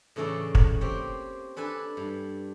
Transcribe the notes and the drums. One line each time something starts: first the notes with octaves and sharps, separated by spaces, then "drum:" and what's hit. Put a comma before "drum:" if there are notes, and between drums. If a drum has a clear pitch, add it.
A2 C#3 E3 A4 D5 A5
drum: kick
A#3 C4 G4 C#5
D4 A4 B4 G#5
G2